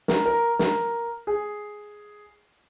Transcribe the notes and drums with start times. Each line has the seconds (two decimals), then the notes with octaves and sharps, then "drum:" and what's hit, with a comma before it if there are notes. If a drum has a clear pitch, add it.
0.08 A#4, drum: snare
0.26 A#4
0.59 A#4, drum: snare
1.27 G#4